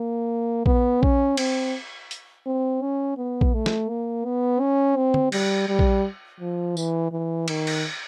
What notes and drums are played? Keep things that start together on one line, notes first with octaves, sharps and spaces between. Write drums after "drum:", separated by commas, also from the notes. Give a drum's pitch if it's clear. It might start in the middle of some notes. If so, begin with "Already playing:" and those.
Already playing: A#3
B3, drum: kick A#1
C#4, drum: kick A#1
C4, drum: cymbal
drum: hi-hat
C4
C#4
B3
drum: kick A#1
A3
drum: snare
A#3
B3
C#4
C4
drum: tom
G3, drum: cymbal
G3
drum: kick A#1
F3
E3, drum: tambourine
E3
D#3, drum: cymbal
drum: cymbal